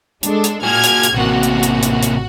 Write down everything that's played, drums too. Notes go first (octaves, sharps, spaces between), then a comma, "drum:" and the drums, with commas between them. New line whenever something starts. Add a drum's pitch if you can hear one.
G#3 D4 A4, drum: hi-hat
drum: hi-hat
A#2 F#4 G#4 F6 G#6
drum: hi-hat
drum: hi-hat
A1 C3 A#3 F#4 F#5
drum: hi-hat
drum: hi-hat
drum: hi-hat
drum: hi-hat